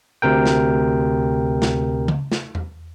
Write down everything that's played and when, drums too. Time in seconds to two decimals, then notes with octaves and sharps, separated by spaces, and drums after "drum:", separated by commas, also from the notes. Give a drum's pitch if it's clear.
0.22 D2 C3 A#4 G5
0.46 drum: snare
1.62 drum: snare
2.08 drum: tom C#3
2.32 drum: snare
2.55 drum: tom E2